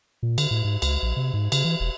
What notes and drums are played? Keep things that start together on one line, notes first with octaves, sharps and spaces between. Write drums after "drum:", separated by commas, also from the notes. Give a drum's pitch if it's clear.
A#2
D3, drum: cymbal
A2
G#2
C#2, drum: cymbal
A#1
C3
G#2
C#3, drum: cymbal
E3
E1